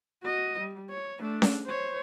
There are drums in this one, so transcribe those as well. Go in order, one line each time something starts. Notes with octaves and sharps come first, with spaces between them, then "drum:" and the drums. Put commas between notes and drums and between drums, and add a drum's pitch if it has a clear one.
F#4 D#5
G3
C#5
A3 D4
drum: snare C#4
C5 C#5